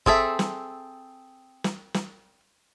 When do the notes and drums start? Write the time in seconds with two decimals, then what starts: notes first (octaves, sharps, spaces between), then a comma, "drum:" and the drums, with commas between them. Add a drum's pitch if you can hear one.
0.06 C4 G#4 A4 E5, drum: kick
0.39 drum: snare
1.64 drum: snare
1.94 drum: snare